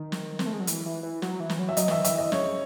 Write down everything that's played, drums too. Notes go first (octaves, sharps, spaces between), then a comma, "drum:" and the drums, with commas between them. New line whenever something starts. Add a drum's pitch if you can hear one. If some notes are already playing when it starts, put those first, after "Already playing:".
Already playing: D#3
drum: snare
C4, drum: snare
A3
G#3
F#3
E3, drum: hi-hat
E3
E3
F#3, drum: snare
E3
drum: snare
F#3
E5
F#3 D#5, drum: hi-hat
E3 E5, drum: snare
D#3
E5, drum: hi-hat
E3
D#5
C#3 C#5, drum: snare